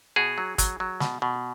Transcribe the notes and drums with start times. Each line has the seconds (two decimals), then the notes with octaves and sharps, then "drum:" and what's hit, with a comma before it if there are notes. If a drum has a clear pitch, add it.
0.16 B2 F#4 G#4
0.38 F#3
0.58 F#3, drum: kick, hi-hat
0.80 F#3
1.00 B2, drum: snare
1.22 B2